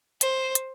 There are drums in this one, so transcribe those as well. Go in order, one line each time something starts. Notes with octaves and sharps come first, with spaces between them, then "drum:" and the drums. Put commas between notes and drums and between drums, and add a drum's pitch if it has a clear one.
C5, drum: hi-hat
drum: hi-hat